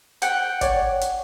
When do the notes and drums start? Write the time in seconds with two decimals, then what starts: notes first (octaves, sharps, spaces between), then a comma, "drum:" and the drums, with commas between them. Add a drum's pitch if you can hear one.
0.22 F#5 G5, drum: hi-hat
0.61 C#5 D5, drum: kick G#1, hi-hat
1.01 drum: hi-hat